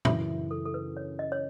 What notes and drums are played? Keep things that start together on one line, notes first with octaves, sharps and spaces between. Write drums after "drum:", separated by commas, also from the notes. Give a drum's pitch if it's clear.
F#2 C#3 E3 E5, drum: tom
A4
A4
B4
C#5
D#5
C#5